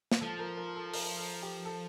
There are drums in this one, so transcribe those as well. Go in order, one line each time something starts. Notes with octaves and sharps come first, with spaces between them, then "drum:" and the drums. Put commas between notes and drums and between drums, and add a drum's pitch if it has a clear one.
drum: snare
F3 A4
A#4
A#4
A4
A#4, drum: open hi-hat
A4
G4
A4